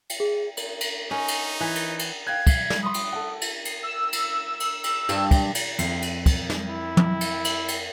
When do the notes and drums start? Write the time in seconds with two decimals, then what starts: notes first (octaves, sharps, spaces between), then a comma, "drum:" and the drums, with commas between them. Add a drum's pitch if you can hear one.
0.10 drum: cymbal
0.20 G#4
0.57 drum: cymbal
0.81 drum: cymbal
1.11 C#4 D#4
1.28 drum: cymbal
1.61 E3
1.75 drum: cymbal
1.99 drum: cymbal
2.27 F5 G5 F#6 G#6
2.47 drum: kick, cymbal
2.70 drum: snare
2.83 B5 C6 D#6
2.94 drum: cymbal
3.13 A4 F#5
3.41 drum: cymbal
3.65 drum: cymbal
3.83 E6
4.13 drum: cymbal
4.60 drum: cymbal
4.84 drum: cymbal
5.09 G2, drum: cymbal
5.31 drum: kick, cymbal
5.55 drum: cymbal
5.79 F2, drum: cymbal
6.02 drum: cymbal
6.26 drum: kick, cymbal
6.50 drum: snare
6.69 E4
6.97 drum: tom
7.21 drum: cymbal
7.45 drum: cymbal
7.68 drum: cymbal